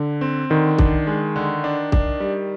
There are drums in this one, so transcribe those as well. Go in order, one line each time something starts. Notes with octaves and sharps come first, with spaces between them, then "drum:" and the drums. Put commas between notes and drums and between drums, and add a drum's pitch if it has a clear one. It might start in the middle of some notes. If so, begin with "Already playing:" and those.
Already playing: D3
C4
D3 D#3
D4, drum: kick
G#3
D3
D4
D4, drum: kick
G3